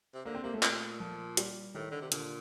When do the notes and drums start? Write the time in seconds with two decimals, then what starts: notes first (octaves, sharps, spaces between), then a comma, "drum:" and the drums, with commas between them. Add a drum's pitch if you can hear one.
0.14 C3
0.25 D3 A#3
0.35 C4
0.44 C3 A#3
0.54 A2 A3
0.63 A#2, drum: clap
1.00 F3
1.37 G3, drum: hi-hat
1.74 A2 D#3
1.91 D3
2.02 C3
2.12 A#2 D3, drum: hi-hat